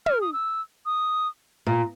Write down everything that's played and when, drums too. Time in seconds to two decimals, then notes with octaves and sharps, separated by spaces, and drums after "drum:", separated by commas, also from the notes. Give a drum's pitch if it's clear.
0.06 F6, drum: tom
0.21 D#6
0.33 E6
0.86 D#6
1.67 A#2